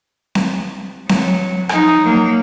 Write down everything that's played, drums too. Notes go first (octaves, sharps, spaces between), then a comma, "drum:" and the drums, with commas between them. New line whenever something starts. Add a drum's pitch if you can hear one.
drum: snare C4
F#3, drum: snare C4
F3 D#4, drum: rim click
F#3 A#3